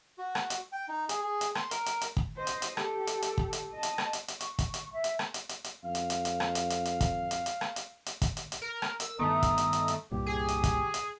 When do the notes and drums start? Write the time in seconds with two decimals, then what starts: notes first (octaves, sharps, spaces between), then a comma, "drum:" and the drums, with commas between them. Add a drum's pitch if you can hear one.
0.18 F#4
0.35 drum: rim click
0.50 drum: hi-hat
0.72 G5
0.89 D#4
1.09 G#4, drum: hi-hat
1.22 G#4
1.41 drum: hi-hat
1.55 C6, drum: rim click
1.71 A#4, drum: hi-hat
1.86 drum: hi-hat
2.01 drum: hi-hat
2.17 drum: kick
2.37 C5 D#5
2.47 drum: hi-hat
2.62 drum: hi-hat
2.77 G4 A4, drum: rim click
3.07 drum: hi-hat
3.22 drum: hi-hat
3.38 drum: kick
3.53 drum: hi-hat
3.73 D#5 A5
3.83 drum: hi-hat
3.98 drum: rim click
4.13 drum: hi-hat
4.28 drum: hi-hat
4.40 C#6, drum: hi-hat
4.59 drum: kick, hi-hat
4.74 drum: hi-hat
4.93 E5
5.04 drum: hi-hat
5.19 drum: rim click
5.34 drum: hi-hat
5.49 drum: hi-hat
5.64 drum: hi-hat
5.85 F2 F5
5.95 drum: hi-hat
6.10 drum: hi-hat
6.25 drum: hi-hat
6.40 drum: rim click
6.55 drum: hi-hat
6.70 drum: hi-hat
6.85 drum: hi-hat
7.01 drum: kick, hi-hat
7.31 drum: hi-hat
7.46 drum: hi-hat
7.61 drum: rim click
7.76 drum: hi-hat
8.06 drum: hi-hat
8.22 drum: kick, hi-hat
8.37 drum: hi-hat
8.52 drum: hi-hat
8.62 A#4
8.82 drum: rim click
9.00 A#4 E6, drum: hi-hat
9.19 G2 D#3 A3 B3 D#5 A#5 D#6
9.43 drum: kick, hi-hat
9.58 drum: hi-hat
9.73 drum: hi-hat
9.88 drum: hi-hat
10.12 C2 G2 A#2 G4
10.26 G#4 G#5
10.48 drum: hi-hat
10.64 drum: kick, hi-hat
10.94 drum: hi-hat